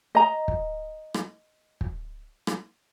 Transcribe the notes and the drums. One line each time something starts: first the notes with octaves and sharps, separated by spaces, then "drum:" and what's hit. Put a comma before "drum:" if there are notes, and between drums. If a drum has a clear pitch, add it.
D#5 A#5
drum: kick
drum: rim click
drum: kick
drum: rim click